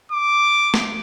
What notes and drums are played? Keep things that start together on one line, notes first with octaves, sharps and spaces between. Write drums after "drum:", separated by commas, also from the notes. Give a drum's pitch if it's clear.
D6
drum: snare